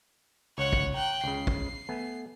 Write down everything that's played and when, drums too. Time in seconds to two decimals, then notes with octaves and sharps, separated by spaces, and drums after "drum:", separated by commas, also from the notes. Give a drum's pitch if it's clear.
0.58 C#2 C#5 F#5
0.73 drum: kick
0.94 G5 A#5 F#6
1.24 C#2 C#3 C7
1.47 drum: kick
1.89 A3 B3 G#5